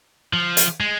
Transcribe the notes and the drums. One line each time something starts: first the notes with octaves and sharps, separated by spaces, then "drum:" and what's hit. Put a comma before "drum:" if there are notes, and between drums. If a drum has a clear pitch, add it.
F3
drum: hi-hat
G#3